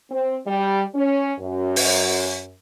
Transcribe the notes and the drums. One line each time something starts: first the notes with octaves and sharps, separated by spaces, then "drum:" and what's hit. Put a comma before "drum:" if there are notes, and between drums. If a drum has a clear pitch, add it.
C4
G3
C#4
F#2
drum: open hi-hat